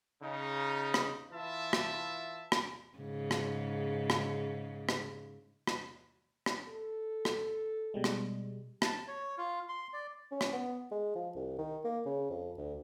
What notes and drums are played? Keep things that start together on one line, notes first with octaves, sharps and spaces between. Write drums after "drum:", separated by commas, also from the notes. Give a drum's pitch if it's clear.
C#3 D#4
drum: rim click
E3 E4 F4 E5 A5
drum: rim click
drum: rim click
G#2 C#3
drum: rim click
drum: rim click
drum: rim click
drum: rim click
drum: rim click
A4
drum: rim click
B2 G3 G#3
drum: rim click
A5, drum: rim click
C#5
F4
C6
D5
C#4
drum: rim click
B3
G#3
F3
C2
D#3
A#3
C#3
F2
D2